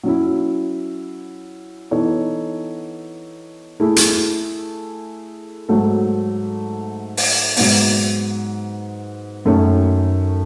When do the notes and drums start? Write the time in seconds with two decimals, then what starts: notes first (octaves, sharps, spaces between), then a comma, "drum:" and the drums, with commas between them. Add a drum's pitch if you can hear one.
0.03 F#3 C#4 E4
1.91 E3 B3 D#4 A4 C#5
3.80 A3 E4 G#4
3.96 drum: hi-hat
5.69 G#2 F#3 A3
7.17 drum: open hi-hat
7.56 G#2 F#3 B3, drum: open hi-hat
9.45 F#2 D#3 A3 C#4